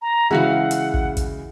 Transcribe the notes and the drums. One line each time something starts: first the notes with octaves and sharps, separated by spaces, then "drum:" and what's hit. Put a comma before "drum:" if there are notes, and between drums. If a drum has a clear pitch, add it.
A#5
C#3 E3 G#3 E4 F#4 F5 F#5
drum: hi-hat
drum: kick
drum: kick, hi-hat